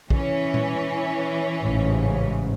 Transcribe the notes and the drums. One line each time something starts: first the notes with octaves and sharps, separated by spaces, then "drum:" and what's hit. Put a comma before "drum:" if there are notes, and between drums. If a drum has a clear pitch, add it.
E3 C#4, drum: kick A#1
drum: tom A#2
A1 G#2 C#3